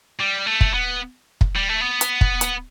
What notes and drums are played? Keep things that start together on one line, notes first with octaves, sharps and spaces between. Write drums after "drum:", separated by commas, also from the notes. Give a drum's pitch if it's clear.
G3
A3
drum: kick
B3
drum: kick
G3
A3
B3
drum: hi-hat
drum: kick
drum: hi-hat